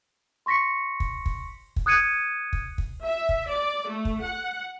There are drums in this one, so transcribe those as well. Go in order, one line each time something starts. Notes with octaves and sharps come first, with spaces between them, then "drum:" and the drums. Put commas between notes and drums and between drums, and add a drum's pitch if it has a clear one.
C6 C#6 A#6 B6 C#7
drum: kick
drum: kick
drum: kick
D#6 F#6 G#6 C#7 D#7
drum: kick
drum: kick
E5
drum: kick
D5
A3
drum: kick
F#5